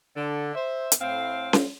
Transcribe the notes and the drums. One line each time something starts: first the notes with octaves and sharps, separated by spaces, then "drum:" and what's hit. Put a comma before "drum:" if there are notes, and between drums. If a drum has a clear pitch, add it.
D3
C5 E5
drum: hi-hat
A2 C4 F5
drum: snare C#4